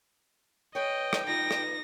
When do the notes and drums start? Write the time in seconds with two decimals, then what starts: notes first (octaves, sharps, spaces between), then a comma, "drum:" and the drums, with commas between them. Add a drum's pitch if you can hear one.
0.75 G#4 B4 C#5 D#5 G5
1.13 drum: rim click
1.27 D#4 F4 B4 D5 A#6
1.51 drum: rim click